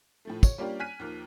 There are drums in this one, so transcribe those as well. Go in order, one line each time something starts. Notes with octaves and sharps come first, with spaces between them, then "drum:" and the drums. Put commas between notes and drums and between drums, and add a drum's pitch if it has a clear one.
A2 F3 A3
C#5, drum: kick, tambourine
G3 A#3 C#4 D4 F4 G4
G#5 F6 F#6 B6 D#7
D#2 F3 A#3